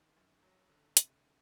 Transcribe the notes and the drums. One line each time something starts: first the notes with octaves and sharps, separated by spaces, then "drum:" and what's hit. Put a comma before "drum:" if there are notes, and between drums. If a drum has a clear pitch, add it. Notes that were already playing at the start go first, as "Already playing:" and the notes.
Already playing: D#3
F#2
F#3
D3
C3, drum: hi-hat